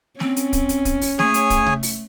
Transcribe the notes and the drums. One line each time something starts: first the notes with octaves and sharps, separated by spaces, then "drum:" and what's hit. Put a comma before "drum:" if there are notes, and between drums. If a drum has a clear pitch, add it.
C4 C#4, drum: snare
drum: hi-hat
drum: kick, hi-hat
drum: hi-hat
drum: kick, hi-hat
drum: open hi-hat
A3 G#4 C#5 G#5, drum: snare
drum: hi-hat
drum: kick, hi-hat
drum: tom C3
drum: open hi-hat